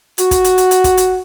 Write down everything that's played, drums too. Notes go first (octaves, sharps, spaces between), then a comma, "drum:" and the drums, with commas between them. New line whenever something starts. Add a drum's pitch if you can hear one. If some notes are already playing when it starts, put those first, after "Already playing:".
F#4, drum: hi-hat
drum: kick, hi-hat
drum: hi-hat
drum: hi-hat
drum: hi-hat
drum: kick, hi-hat
drum: hi-hat